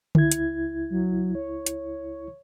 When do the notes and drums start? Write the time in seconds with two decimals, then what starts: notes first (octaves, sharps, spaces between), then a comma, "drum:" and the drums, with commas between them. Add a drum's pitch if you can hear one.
0.15 C#2 E4 G#6, drum: tom D3
0.32 drum: hi-hat
0.90 F#3
1.35 C#5
1.66 drum: hi-hat